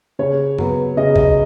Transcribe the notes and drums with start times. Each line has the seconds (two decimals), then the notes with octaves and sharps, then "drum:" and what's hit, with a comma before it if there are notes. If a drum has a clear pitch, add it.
0.19 C#3 C#5
0.58 F#3 B3, drum: tom F#2
0.97 C#3 D#5
1.16 D#5, drum: kick A#1